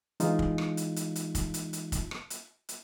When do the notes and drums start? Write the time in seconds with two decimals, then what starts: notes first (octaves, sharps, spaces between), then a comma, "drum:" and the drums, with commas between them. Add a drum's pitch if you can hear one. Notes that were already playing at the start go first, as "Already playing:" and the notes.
0.20 E3 G#3 D#4 F4, drum: hi-hat
0.39 drum: kick
0.58 drum: rim click
0.77 drum: hi-hat
0.96 drum: hi-hat
1.16 drum: hi-hat
1.35 drum: kick, hi-hat
1.54 drum: hi-hat
1.73 drum: hi-hat
1.92 drum: kick, hi-hat
2.11 drum: rim click
2.30 drum: hi-hat
2.69 drum: hi-hat